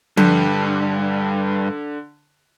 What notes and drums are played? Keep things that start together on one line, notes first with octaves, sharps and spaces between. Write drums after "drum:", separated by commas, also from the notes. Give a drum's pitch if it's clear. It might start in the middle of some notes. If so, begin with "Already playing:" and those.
G2 D3, drum: tom F3